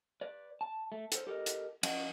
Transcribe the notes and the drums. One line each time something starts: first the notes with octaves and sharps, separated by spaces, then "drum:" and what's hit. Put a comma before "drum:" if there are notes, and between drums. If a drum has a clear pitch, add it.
B4 D5
A5
A3
A4 C5, drum: hi-hat
G4 A4 A#4 C5 D#5
drum: hi-hat
F3 C#4 D#5 F#5 G#5, drum: cymbal